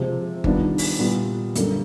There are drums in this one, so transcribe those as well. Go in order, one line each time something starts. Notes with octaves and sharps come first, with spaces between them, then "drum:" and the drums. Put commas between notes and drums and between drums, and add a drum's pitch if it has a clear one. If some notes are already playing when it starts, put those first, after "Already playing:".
Already playing: C3 F3 G#3
D#3 G3 B3 D4 F4, drum: kick G1
drum: open hi-hat
A#2 G3 B3 E4
F#2 D3 G3 A#3, drum: hi-hat